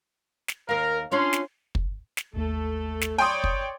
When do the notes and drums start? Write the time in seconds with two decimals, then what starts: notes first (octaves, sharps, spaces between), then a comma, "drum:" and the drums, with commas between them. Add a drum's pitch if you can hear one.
0.48 drum: snare
0.69 D#2 A#4 F5
1.12 C#4 D4 F4 C#5 C6
1.33 drum: snare
1.75 drum: kick
2.17 drum: snare
2.33 G#1 D#2 A3 A4
3.01 drum: snare
3.18 C#5 D5 G5 B5 C6 D#6
3.44 drum: kick